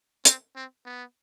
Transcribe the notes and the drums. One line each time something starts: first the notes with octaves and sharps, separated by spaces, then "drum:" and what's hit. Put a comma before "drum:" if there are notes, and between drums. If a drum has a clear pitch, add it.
C4, drum: hi-hat
C4
B3